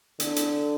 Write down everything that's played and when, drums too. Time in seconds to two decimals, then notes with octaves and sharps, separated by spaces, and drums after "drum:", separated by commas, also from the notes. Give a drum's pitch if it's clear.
0.20 D3, drum: hi-hat
0.36 drum: hi-hat